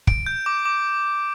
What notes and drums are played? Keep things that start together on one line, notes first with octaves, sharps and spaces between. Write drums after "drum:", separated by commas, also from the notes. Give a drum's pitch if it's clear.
D7, drum: kick
G6
D6
D6